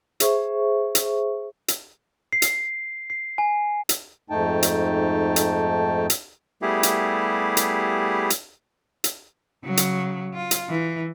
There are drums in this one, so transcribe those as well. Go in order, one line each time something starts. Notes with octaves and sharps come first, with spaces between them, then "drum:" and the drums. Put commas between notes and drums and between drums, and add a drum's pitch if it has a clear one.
G#4 C5 E5 C#6, drum: hi-hat
drum: hi-hat
drum: hi-hat
C7
drum: hi-hat
C7
G#5
drum: hi-hat
F2 G#2 A3 D#4 G5 A5
drum: hi-hat
drum: hi-hat
drum: hi-hat
G3 A3 B3 E4 G4 G#4
drum: hi-hat
drum: hi-hat
drum: hi-hat
drum: hi-hat
C#3 F#3
drum: hi-hat
F4
drum: hi-hat
E3